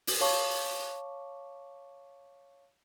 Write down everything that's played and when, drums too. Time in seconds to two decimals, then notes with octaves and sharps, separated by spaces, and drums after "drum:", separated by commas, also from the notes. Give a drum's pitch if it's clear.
0.07 drum: open hi-hat
0.21 C#5 F5 A5 C#6 D6